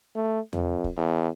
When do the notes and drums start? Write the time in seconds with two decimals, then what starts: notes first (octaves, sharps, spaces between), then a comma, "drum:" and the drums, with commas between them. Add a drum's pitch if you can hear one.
0.15 A3
0.53 F2, drum: tom E2
0.84 drum: kick
0.97 E2